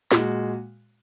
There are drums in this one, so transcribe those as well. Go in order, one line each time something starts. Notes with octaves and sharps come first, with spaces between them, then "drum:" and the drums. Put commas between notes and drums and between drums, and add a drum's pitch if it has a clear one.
A#2 G#3 F#4, drum: snare